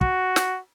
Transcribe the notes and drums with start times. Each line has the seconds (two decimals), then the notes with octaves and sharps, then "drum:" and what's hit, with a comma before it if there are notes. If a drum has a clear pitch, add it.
0.01 F#4, drum: kick
0.36 drum: snare